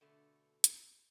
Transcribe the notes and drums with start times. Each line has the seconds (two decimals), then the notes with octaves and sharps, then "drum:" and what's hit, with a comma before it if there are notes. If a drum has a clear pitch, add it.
0.01 B2 D3 A3
0.64 drum: hi-hat